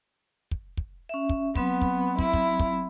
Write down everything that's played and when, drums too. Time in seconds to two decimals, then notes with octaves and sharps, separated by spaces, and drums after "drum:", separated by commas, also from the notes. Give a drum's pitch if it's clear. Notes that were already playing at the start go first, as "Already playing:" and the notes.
0.51 drum: kick
0.77 drum: kick
1.09 C#4 E5
1.29 drum: kick
1.55 F#3 B3 C4 B5, drum: kick
1.81 drum: kick
2.19 E4, drum: kick
2.33 drum: kick
2.59 drum: kick